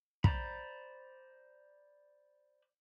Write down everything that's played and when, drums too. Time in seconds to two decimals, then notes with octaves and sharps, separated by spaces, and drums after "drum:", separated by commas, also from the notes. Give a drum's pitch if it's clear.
0.24 C5 D5 A#5 B5, drum: kick